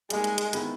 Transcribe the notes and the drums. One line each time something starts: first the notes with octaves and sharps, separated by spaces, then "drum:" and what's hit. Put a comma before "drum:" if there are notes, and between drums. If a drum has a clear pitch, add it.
G3 G#3 A#3 D#4, drum: hi-hat
drum: hi-hat
drum: hi-hat
D#3 G#3 B3 E4, drum: hi-hat